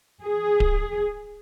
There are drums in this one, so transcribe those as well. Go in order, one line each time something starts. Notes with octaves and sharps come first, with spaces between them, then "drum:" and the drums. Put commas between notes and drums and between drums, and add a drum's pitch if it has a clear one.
G#4
drum: kick D1